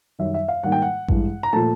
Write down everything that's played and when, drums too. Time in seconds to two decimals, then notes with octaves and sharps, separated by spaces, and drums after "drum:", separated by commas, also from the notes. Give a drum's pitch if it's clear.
0.19 F#2 D#3 G3 E5
0.34 E5
0.48 F5
0.63 G#2 D#3 G3 A#3 F#5
0.72 G5
0.82 F#5
1.08 G2 E3 G#3, drum: kick A1
1.43 A#5
1.53 A#2 F3 A3 A5